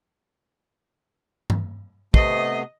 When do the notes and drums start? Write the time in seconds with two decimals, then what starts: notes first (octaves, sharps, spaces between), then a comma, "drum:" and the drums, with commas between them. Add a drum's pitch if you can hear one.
1.50 drum: tom G2
2.14 C3 A3 B3 D#5 C7, drum: kick